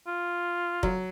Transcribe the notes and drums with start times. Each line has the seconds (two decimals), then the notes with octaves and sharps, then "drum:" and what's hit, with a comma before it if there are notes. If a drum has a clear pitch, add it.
0.07 F4
0.83 F#3, drum: kick F1